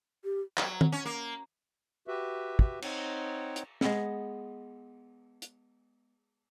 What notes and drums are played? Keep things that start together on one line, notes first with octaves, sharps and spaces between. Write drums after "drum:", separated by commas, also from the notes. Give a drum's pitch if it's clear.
G4
F#3, drum: clap
drum: tom D#3
C#4
A#3
F#4 G4 B4 E5
drum: kick
C4 D#4 C#5 F#5 G5, drum: cymbal
drum: hi-hat
G#3 B3, drum: snare
drum: hi-hat